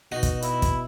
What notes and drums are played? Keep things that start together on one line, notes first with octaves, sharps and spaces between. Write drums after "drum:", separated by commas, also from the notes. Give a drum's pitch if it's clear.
B2 D#4 F#4
drum: kick, hi-hat
E4, drum: hi-hat
drum: kick, hi-hat